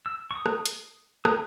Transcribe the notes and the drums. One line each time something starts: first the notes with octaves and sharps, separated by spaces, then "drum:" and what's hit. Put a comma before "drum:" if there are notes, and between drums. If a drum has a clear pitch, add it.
E6
C#6
D#6
drum: rim click
drum: hi-hat
D#6, drum: rim click